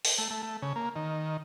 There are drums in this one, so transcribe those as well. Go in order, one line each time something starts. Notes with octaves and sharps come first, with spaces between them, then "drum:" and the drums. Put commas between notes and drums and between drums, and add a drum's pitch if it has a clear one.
drum: open hi-hat
A3
A3
A3
C#3
A#3
D#3